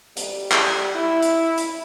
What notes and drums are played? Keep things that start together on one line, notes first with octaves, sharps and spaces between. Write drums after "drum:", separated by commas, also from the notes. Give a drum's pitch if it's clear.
G3, drum: hi-hat
drum: clap
E4
drum: hi-hat
drum: hi-hat